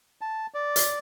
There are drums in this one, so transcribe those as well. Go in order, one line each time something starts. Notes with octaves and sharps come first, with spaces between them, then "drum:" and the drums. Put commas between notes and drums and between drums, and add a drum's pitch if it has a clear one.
A5
D5
drum: hi-hat